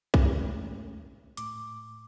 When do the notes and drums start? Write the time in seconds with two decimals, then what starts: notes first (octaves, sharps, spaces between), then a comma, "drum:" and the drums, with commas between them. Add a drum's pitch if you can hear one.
0.14 G#3 A3 C#4, drum: kick
1.37 A2 D6, drum: hi-hat